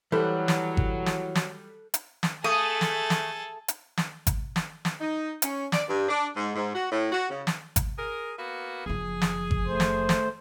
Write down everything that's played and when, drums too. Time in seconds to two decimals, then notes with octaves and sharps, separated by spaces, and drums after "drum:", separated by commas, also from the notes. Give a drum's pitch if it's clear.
0.12 E3 F#3 G3 A4 C5 F#6
0.48 drum: snare
0.77 drum: kick G#1
1.06 drum: snare
1.35 drum: snare
1.94 drum: hi-hat
2.23 drum: snare
2.44 A3 G#4 A4 D#6
2.81 drum: snare
3.10 drum: snare
3.68 drum: hi-hat
3.97 drum: snare
4.27 drum: kick G#1, hi-hat
4.56 drum: snare
4.85 drum: snare
5.00 D#4
5.42 C#4, drum: hi-hat
5.72 D5, drum: snare
5.88 G2
6.09 D4
6.36 G#2
6.56 G#2
6.74 F#4
6.92 A2
7.12 F#4
7.30 C#3
7.47 drum: snare
7.76 drum: kick G#1, hi-hat
7.97 G#4 A#4
8.38 A#3 B3 F#4
8.86 F#1 F3 G#4
9.22 drum: snare
9.51 drum: kick G#1
9.67 A3 C5
9.80 drum: snare
10.09 drum: snare